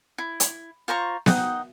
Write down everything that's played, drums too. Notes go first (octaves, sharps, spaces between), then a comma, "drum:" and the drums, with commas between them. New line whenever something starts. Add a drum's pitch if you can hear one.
E4
drum: hi-hat
F4 C5 A#5 C#6
D#4 D#5 F#5 G5, drum: snare B3